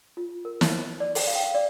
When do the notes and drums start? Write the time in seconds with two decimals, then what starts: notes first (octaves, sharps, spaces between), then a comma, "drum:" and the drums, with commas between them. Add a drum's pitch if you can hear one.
0.17 F4
0.45 A#4
0.61 drum: snare
0.72 C5
1.00 D5
1.15 drum: open hi-hat
1.27 F5
1.35 G5
1.43 F5
1.54 D5